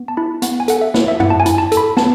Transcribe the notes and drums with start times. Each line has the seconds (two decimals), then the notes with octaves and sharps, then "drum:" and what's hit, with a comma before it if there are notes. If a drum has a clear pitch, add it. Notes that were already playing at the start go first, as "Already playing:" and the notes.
Already playing: B3
0.08 A5
0.17 E4 B5
0.42 B3 F#5, drum: hi-hat
0.60 G#5
0.68 A4 F#5, drum: hi-hat
0.81 E5
0.94 E4, drum: snare
1.08 E5
1.20 E4 F#5, drum: tom F#2
1.30 A5
1.40 G#5
1.46 E4, drum: hi-hat
1.58 A5
1.72 A4, drum: hi-hat
1.77 B5
1.97 B3 A5, drum: snare